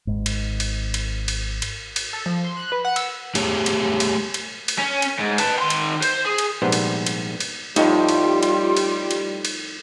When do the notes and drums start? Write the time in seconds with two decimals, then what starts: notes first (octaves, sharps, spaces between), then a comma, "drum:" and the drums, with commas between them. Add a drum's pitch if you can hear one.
0.07 G#1 G#2
0.26 drum: cymbal
0.60 drum: cymbal
0.94 drum: cymbal
1.28 drum: cymbal
1.62 drum: cymbal
1.96 drum: cymbal
2.13 A4
2.26 F3
2.44 C6
2.57 F#6
2.72 B4
2.85 F#5
2.96 E6, drum: cymbal
3.35 A3 G4 G#4 C#5, drum: cymbal
3.66 drum: cymbal
4.00 drum: cymbal
4.34 drum: cymbal
4.68 drum: cymbal
4.79 C#4
5.02 drum: cymbal
5.19 G#2
5.38 B4 A5, drum: cymbal
5.59 D#3 C6
5.70 drum: cymbal
6.02 C5, drum: cymbal
6.26 G#4
6.38 drum: cymbal
6.62 A#1 G#2 C3 G3 B3 C5
6.72 drum: cymbal
7.06 drum: cymbal
7.40 drum: cymbal
7.76 F2 A2 G3 D#4 F4, drum: cymbal
8.09 drum: cymbal
8.43 drum: cymbal
8.77 drum: cymbal
9.11 drum: cymbal
9.45 drum: cymbal